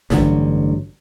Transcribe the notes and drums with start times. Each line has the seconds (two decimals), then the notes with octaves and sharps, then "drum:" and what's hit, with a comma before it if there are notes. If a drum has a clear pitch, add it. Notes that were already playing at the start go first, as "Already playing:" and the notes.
0.10 A1 G2 D3 F#3, drum: snare